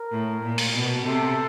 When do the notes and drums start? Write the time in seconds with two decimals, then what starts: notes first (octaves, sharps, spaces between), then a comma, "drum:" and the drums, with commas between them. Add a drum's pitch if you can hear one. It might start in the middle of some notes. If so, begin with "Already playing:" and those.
Already playing: A#4
0.11 A2
0.43 A#2
0.58 drum: open hi-hat
0.74 B2
1.06 C3 A4